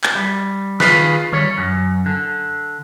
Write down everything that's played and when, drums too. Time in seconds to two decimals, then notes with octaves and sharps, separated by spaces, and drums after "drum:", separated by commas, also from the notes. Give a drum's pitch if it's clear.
0.04 drum: clap
0.15 G3
0.80 D#3 F4 G#4 B4, drum: snare
1.33 G3 C#5, drum: tom D3
1.58 F#2
2.06 D3